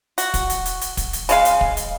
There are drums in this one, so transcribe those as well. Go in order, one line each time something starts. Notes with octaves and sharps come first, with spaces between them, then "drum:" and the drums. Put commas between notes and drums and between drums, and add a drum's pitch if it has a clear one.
F#4, drum: hi-hat
drum: kick, hi-hat
drum: hi-hat
drum: hi-hat
drum: hi-hat
drum: kick, hi-hat
drum: hi-hat
C#3 G#3 F5, drum: hi-hat
drum: hi-hat
drum: kick
drum: hi-hat